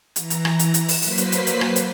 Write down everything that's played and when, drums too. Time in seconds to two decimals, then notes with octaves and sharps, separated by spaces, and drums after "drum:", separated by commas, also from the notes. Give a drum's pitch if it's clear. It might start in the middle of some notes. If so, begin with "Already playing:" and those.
0.16 E3 A#5, drum: hi-hat
0.30 drum: hi-hat
0.45 drum: rim click
0.59 drum: hi-hat
0.74 drum: hi-hat
0.88 drum: open hi-hat
1.02 F#3 A#3 B4 C5 B6 C7, drum: open hi-hat
1.18 drum: hi-hat
1.32 drum: hi-hat
1.47 drum: hi-hat
1.61 drum: rim click
1.76 drum: hi-hat